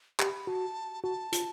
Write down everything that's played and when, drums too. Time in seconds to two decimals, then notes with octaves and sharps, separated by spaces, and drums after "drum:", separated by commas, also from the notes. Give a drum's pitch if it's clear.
0.20 G4 B5, drum: clap
0.47 F#4 A5
1.04 F#4 A5
1.33 F4, drum: hi-hat